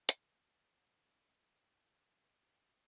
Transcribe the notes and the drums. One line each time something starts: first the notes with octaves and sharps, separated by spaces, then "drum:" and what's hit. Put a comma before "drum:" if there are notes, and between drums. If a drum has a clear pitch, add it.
G2 B2 E3 G3 G#3 B3 F#4, drum: hi-hat